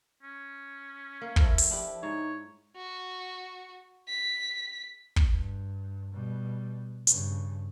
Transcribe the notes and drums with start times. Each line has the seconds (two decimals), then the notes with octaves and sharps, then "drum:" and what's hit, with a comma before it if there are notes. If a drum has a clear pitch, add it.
0.23 C#4
1.21 A#3
1.36 F3 E4 A4 A#4, drum: kick
1.58 drum: open hi-hat
1.71 D4 E4 G4
2.03 G#2 D#4 C#5
2.76 F#4
4.08 B6
5.16 drum: kick
5.31 G2
6.11 B2 G3
7.07 G2 C#3, drum: hi-hat